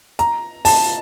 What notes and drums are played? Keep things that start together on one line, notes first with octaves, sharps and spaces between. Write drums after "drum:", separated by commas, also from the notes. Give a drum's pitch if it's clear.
A#5, drum: hi-hat
A5, drum: open hi-hat